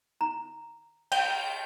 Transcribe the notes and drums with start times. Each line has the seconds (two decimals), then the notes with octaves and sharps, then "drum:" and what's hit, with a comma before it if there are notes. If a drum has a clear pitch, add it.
0.21 A#5
1.12 G5, drum: cymbal